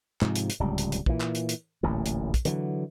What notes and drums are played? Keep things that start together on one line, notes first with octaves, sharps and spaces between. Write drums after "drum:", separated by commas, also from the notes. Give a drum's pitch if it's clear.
G#2 C3 F3, drum: clap
drum: hi-hat
drum: hi-hat
D1 C#2 G3
drum: hi-hat
drum: hi-hat
A#2 E3, drum: kick
drum: clap
drum: hi-hat
drum: hi-hat
D1 A1 A#2
drum: hi-hat
drum: kick, hi-hat
D3 E3 F#3, drum: hi-hat